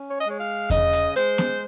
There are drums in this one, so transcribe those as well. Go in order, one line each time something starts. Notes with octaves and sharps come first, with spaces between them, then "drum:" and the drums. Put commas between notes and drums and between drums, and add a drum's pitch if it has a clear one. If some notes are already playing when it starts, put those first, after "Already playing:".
Already playing: C#4
C#5
D#5
G#3 C#5
F5
C#3 D#5, drum: kick E2, hi-hat
drum: hi-hat
G#3 C5, drum: hi-hat
drum: snare